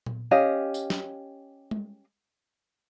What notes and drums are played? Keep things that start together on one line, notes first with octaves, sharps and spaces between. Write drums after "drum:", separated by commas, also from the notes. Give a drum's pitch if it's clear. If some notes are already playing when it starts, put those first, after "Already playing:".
drum: tom A#2
C#4 G4 D#5 F5
drum: tambourine
drum: snare
drum: tom G#3